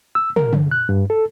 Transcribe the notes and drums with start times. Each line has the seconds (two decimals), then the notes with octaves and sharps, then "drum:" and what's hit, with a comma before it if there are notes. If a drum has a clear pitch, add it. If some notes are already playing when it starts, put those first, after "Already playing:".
0.15 E6
0.36 A#4, drum: tom
0.53 D3, drum: tom
0.71 F#6
0.89 G2
1.10 A4